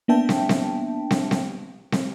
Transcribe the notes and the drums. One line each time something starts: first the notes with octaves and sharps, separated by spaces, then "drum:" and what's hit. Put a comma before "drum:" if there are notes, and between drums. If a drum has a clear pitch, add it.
A#3 B3 D4 E5 G5 A5
drum: snare
drum: snare
drum: snare
drum: snare
drum: snare